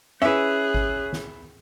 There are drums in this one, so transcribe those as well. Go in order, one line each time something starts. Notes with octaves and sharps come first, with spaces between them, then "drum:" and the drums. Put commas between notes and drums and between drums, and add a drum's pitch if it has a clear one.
C#4 E4 G#4 B4 E5 F#6
drum: kick G#1
drum: snare